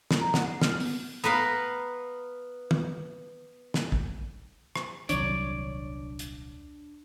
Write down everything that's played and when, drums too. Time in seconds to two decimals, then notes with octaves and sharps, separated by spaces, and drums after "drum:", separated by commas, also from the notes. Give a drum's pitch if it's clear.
0.11 drum: snare
0.21 A#5
0.34 F#5, drum: snare
0.46 C7
0.62 F6, drum: snare
0.80 B3, drum: open hi-hat
1.24 B3 A#4 B4 F5
2.71 drum: tom
3.74 drum: snare
3.92 drum: kick
4.76 drum: rim click
5.09 D#1 C2 F#3 D4 C#5 D5, drum: hi-hat
6.19 drum: hi-hat